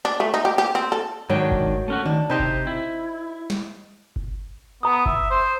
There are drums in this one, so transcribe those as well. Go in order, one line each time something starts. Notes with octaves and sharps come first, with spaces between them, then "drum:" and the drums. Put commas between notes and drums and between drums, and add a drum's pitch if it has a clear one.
D4
A3
D#4
G4
G4
C4
A4
G#2 D#3 F#3 D4 G5
drum: kick G1
A3 C#4 F#4
D#3 D4
C3 D#4 G4 C5 D#5
drum: kick G1
E4
drum: snare
drum: kick G1
B3 A#5 D#6
E5, drum: kick G1
C5